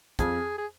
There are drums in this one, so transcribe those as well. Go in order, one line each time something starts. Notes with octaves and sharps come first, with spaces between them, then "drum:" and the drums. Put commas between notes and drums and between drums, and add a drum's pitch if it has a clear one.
F2 G#4, drum: kick, hi-hat
G#4